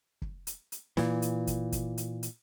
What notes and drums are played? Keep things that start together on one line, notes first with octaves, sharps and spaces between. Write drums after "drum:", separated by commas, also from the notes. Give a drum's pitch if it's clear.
drum: kick
drum: hi-hat
drum: hi-hat
A#2 E3, drum: snare
drum: hi-hat
drum: kick, hi-hat
drum: kick, hi-hat
drum: hi-hat
drum: hi-hat